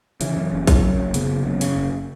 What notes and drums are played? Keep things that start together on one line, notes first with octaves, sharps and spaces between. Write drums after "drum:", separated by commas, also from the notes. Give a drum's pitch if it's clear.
C#3 E3, drum: hi-hat
F#2
F#1
F#1 F#3, drum: kick, hi-hat
F#2
F#1
C#3 B3, drum: hi-hat
F#1
F#2
C#3, drum: hi-hat
F#1